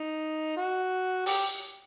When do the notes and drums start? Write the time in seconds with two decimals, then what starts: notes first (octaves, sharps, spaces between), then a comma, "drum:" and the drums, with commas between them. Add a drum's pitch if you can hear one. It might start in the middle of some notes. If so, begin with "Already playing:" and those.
Already playing: D#4
0.57 F#4
1.26 G4, drum: open hi-hat